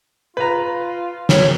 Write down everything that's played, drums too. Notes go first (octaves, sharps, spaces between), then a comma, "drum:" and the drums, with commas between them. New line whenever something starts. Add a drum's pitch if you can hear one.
F4 B4 A#5
C#5, drum: snare